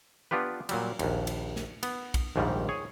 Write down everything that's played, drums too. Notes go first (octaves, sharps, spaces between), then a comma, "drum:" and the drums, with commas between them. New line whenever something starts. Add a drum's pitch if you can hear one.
B3 D4 F4 G4 B4
A#2 F#3 G3, drum: cymbal
A#1 D#2, drum: cymbal
drum: cymbal
drum: snare
B3, drum: cymbal
drum: kick, cymbal
A#1 D#2 G#2 D#3 G3
G#4 C#5 G#5